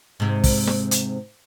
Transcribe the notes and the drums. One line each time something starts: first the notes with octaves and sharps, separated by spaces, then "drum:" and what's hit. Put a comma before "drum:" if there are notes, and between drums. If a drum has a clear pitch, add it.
G#2 C3
drum: kick, open hi-hat
drum: snare
drum: hi-hat